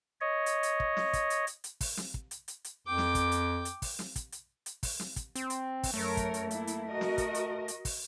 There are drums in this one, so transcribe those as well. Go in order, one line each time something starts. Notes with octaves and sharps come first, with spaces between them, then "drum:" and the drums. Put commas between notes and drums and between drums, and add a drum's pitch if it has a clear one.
C#5 D#5
drum: hi-hat
drum: hi-hat
drum: kick
drum: snare
drum: kick, hi-hat
drum: hi-hat
drum: hi-hat
drum: hi-hat
drum: kick, open hi-hat
drum: snare
drum: kick
drum: hi-hat
drum: hi-hat
drum: hi-hat
F2 G5 D6
drum: snare
drum: kick, hi-hat
drum: hi-hat
drum: hi-hat
drum: kick, open hi-hat
drum: snare
drum: kick, hi-hat
drum: hi-hat
drum: hi-hat
drum: kick, open hi-hat
drum: snare
drum: kick, hi-hat
C4, drum: hi-hat
drum: hi-hat
drum: kick, open hi-hat
F#2 A3 A#4 C#5
drum: kick, hi-hat
drum: hi-hat
A#3 E4, drum: hi-hat
drum: hi-hat
F#4 A#4 D#5
drum: snare
drum: kick, hi-hat
drum: hi-hat
drum: hi-hat
drum: kick, open hi-hat